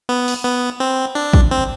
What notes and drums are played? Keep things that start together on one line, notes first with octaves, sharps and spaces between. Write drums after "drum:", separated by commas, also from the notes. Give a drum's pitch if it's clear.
B3
drum: open hi-hat
B3
C4
D4
drum: kick
C4